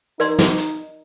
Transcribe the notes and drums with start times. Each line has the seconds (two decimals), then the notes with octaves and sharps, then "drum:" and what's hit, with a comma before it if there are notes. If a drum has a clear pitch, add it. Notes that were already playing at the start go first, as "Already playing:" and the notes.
0.20 D#4 A#4 D5 C6, drum: hi-hat
0.39 drum: snare
0.57 drum: hi-hat